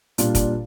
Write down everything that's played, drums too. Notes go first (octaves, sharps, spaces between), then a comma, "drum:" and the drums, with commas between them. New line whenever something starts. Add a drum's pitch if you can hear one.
A#2 G3 D4 F4, drum: hi-hat
drum: kick, hi-hat